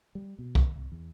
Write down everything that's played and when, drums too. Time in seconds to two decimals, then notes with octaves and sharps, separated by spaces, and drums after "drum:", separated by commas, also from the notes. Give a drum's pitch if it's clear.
0.15 G3
0.39 B2
0.55 drum: kick
0.76 C2
0.92 E2